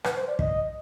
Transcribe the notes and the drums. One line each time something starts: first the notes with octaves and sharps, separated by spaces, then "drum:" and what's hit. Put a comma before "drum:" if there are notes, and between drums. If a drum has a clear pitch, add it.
B4, drum: rim click
C5
D5
D#5, drum: kick